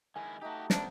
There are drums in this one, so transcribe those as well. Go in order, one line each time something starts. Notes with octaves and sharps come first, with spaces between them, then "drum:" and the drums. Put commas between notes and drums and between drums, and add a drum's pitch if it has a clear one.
D#3 G#3 E4 G#5
A3 D#4 F#4 G4
B2 C#4 D4 C5 A5, drum: snare